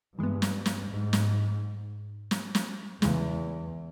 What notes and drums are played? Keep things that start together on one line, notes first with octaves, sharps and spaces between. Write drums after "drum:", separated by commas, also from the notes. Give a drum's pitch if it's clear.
G2 E3 G#3 B3
drum: snare
drum: snare
G#2
drum: snare
drum: snare
drum: snare
E2 C#3 E3 G#3, drum: snare